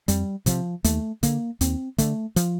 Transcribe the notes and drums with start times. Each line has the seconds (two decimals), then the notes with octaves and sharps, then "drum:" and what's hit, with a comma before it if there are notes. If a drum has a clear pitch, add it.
0.08 F2 G3, drum: hi-hat
0.46 C3 F3, drum: kick, hi-hat
0.84 D#2 A3, drum: hi-hat
1.23 D3 A#3, drum: kick, hi-hat
1.61 D#2 C4, drum: hi-hat
1.98 D3 A3, drum: kick, hi-hat
2.36 F3, drum: hi-hat